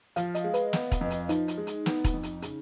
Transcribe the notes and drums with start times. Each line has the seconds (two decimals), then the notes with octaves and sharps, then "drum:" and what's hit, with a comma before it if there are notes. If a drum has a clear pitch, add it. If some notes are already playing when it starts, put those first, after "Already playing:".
0.16 F3 F5, drum: hi-hat
0.35 D#5, drum: hi-hat
0.44 G#3
0.54 B4, drum: hi-hat
0.73 B3, drum: snare
0.92 drum: kick, hi-hat
1.01 F2
1.10 drum: hi-hat
1.29 F3 D#4, drum: hi-hat
1.48 drum: hi-hat
1.58 G#3
1.67 drum: hi-hat
1.86 B3, drum: snare
2.04 drum: kick, hi-hat
2.14 F2
2.23 drum: hi-hat
2.42 C#3, drum: hi-hat